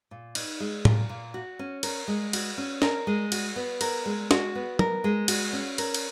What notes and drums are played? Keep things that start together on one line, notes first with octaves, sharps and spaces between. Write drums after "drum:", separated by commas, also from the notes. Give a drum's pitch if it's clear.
A#2
D#4, drum: cymbal
G#3
A#2, drum: tom A2
A#2
F#4
C#4
A#4, drum: cymbal
G#3
F#4, drum: cymbal
C#4
A#4, drum: snare
G#3
F#4, drum: cymbal
B3
A#4, drum: cymbal
G#3
F#4, drum: snare
B3
A#4, drum: tom
G#3
F#4, drum: cymbal
C#4
A#4, drum: cymbal
drum: cymbal